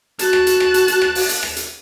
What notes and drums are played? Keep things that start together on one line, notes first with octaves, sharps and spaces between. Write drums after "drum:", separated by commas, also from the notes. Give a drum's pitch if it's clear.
F#4 A5 F#6, drum: hi-hat
drum: rim click
drum: hi-hat
drum: rim click
drum: hi-hat
drum: hi-hat
drum: rim click
drum: open hi-hat
drum: hi-hat
drum: rim click
drum: hi-hat